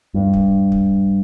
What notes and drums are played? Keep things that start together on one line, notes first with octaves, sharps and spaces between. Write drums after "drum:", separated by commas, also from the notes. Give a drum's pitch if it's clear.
G2
drum: kick
drum: kick